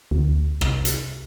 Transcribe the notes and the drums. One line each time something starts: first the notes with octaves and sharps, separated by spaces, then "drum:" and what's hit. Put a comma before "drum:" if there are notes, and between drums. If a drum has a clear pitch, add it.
D2
C2, drum: rim click
drum: hi-hat